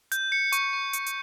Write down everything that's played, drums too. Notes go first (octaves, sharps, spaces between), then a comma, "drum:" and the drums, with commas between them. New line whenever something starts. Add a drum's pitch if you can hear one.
G6, drum: hi-hat
C#7
C#6, drum: hi-hat
C#6
C#7, drum: hi-hat
drum: hi-hat